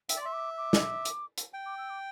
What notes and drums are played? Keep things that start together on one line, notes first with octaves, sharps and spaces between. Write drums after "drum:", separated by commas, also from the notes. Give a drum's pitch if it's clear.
E5 G5, drum: hi-hat
D5
E5 C6
D6
D6
drum: snare
drum: hi-hat
drum: hi-hat
G5
D6
E6
D6